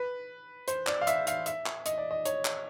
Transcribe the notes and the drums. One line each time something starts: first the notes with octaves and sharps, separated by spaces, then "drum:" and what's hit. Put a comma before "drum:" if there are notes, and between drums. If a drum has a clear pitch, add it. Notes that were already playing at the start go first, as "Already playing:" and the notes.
Already playing: B4
C5, drum: hi-hat
D5, drum: clap
F5
E5, drum: hi-hat
F5, drum: hi-hat
E5, drum: hi-hat
drum: clap
D#5, drum: hi-hat
D5
D#5
C#5, drum: hi-hat
drum: clap